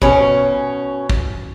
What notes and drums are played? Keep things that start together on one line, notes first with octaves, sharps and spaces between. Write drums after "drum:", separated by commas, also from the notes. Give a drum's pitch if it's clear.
B2 C#4, drum: kick
drum: kick